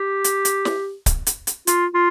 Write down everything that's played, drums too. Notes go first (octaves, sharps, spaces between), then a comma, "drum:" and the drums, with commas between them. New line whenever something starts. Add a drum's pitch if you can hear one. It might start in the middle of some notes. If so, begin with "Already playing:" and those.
Already playing: G4
drum: hi-hat
drum: hi-hat
drum: snare
drum: kick C#1, hi-hat
drum: hi-hat
drum: hi-hat
F4, drum: hi-hat
F4